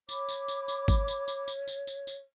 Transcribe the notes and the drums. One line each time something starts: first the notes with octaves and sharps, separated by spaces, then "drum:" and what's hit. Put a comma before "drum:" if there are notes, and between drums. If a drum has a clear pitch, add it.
C#5 B5 D6, drum: tambourine
drum: tambourine
drum: tambourine
drum: tambourine
drum: kick, tambourine
drum: tambourine
drum: tambourine
drum: tambourine
drum: tambourine
drum: tambourine
drum: tambourine